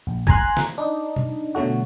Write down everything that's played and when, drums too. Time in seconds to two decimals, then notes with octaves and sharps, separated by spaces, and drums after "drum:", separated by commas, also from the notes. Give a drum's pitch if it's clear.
0.07 A#1
0.27 G#5 A#5 C6 F#6, drum: kick
0.57 drum: snare
0.78 D4 D#4
1.16 drum: tom
1.55 B2 D3 F#3 A3 F#4